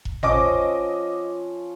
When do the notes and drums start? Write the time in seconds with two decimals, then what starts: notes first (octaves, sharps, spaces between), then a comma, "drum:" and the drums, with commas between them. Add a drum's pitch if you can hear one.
0.05 drum: kick E1
0.23 F3 C#4 D#5 D6, drum: tom G#1